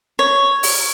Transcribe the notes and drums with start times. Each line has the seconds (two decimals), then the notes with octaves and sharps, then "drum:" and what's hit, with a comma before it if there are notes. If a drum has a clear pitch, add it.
0.19 C#5
0.63 drum: open hi-hat